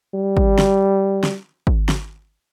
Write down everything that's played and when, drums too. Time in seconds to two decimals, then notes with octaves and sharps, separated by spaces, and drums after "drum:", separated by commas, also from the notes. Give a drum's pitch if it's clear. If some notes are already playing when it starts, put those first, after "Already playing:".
0.15 G3
0.37 drum: kick
0.58 drum: snare
1.23 drum: snare
1.67 drum: kick
1.89 drum: snare